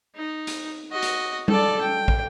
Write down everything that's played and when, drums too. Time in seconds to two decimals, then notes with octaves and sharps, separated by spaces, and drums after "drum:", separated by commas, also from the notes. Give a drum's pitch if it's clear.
0.16 D#4
0.47 drum: hi-hat
0.92 F#4 D#5
1.03 drum: hi-hat
1.48 A4 D5, drum: tom G3
1.81 G5
2.08 drum: kick